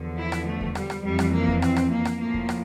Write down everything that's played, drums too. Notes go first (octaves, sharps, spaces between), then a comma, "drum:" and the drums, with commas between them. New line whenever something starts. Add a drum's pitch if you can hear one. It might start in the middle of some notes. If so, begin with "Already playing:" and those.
Already playing: E2 D3 F3
E4
drum: rim click
A3
drum: kick E2
G3, drum: rim click
drum: rim click
F2 E3 G3
drum: rim click
A#3
drum: kick E2
C4, drum: rim click
drum: rim click
A#3
drum: rim click
A2 F3 A#3
drum: kick E2
drum: rim click